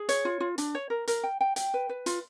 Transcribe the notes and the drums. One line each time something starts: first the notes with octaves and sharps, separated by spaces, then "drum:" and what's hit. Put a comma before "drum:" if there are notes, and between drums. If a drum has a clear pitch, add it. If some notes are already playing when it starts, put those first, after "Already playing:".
Already playing: G#4
C#5, drum: hi-hat
F4
F4
D4, drum: hi-hat
C#5
A#4
A#4, drum: hi-hat
G5
G5
G5, drum: hi-hat
B4
B4
F4, drum: hi-hat